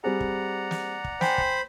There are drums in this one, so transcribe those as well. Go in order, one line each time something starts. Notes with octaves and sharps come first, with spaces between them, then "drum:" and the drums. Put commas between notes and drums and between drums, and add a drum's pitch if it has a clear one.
G3 C4 G#4 D5 F#5 A#5
drum: kick
drum: snare
drum: kick
C5 G5 G#5 B5, drum: snare
drum: kick